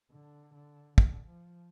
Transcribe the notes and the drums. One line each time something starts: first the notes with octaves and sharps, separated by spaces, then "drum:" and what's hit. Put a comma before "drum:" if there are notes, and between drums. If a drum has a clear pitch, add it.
D3
D3
D3, drum: kick
F3